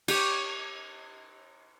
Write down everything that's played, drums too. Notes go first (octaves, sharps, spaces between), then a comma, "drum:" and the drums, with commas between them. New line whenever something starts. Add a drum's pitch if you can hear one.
G4 C#5, drum: cymbal